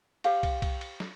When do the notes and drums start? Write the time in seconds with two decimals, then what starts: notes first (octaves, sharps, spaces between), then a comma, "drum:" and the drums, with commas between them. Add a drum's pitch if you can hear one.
0.24 G4 C5 F5 G5, drum: cymbal
0.43 drum: kick, cymbal
0.62 drum: kick, cymbal
0.81 drum: cymbal
1.00 drum: snare